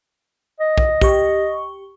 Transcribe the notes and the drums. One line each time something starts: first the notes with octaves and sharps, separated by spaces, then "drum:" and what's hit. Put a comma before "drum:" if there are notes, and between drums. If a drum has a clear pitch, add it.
D#5
drum: kick
G4 C#6, drum: kick